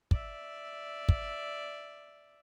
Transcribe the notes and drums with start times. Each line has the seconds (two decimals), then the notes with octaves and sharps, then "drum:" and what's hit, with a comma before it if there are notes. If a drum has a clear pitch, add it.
0.11 D5 E5, drum: kick
1.09 drum: kick